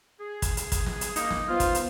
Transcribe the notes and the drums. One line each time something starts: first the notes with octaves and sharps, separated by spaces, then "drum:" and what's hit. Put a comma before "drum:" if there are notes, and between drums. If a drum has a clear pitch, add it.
G#4
drum: kick, hi-hat
drum: hi-hat
drum: kick, hi-hat
drum: snare
drum: hi-hat
A#3 D#4, drum: hi-hat
drum: snare
B3 F4 C5 F6
drum: kick, hi-hat
drum: hi-hat